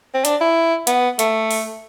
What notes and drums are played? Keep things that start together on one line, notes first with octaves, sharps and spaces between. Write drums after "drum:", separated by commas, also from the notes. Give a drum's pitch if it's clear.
C4
D4, drum: hi-hat
E4
B3, drum: hi-hat
A3, drum: hi-hat
drum: open hi-hat